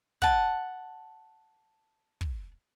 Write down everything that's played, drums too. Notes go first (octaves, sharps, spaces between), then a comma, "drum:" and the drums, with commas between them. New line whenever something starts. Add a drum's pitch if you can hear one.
F#5 A5, drum: kick
drum: kick